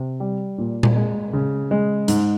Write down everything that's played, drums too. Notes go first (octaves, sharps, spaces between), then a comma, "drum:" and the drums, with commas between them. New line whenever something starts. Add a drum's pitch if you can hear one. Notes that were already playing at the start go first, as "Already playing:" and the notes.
Already playing: C3
G3
A#2
drum: tom A#2
G#3
C#3
G#3
G#2, drum: hi-hat